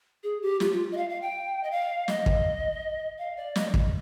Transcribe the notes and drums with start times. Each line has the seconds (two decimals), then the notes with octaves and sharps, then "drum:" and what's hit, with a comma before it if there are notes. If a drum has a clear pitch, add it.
0.23 G#4
0.42 G4
0.60 F4, drum: snare
0.72 F4
0.92 D#5
0.97 F5
1.09 F5
1.22 G5
1.63 D#5
1.71 F5
2.08 D#5, drum: snare
2.26 drum: kick
3.18 F5
3.37 D5
3.56 D#5, drum: snare
3.74 drum: kick